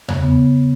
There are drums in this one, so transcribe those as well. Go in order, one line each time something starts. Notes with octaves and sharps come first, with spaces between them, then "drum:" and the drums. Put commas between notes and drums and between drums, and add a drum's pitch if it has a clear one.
C#3, drum: tom E2
B3